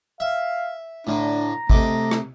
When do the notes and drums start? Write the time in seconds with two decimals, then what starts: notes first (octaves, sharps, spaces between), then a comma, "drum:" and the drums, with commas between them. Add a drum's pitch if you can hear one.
0.20 E5 F5
1.07 A2 D3 D4 A#5
1.70 C3 A3 D#5 D6, drum: kick G#1
2.11 drum: rim click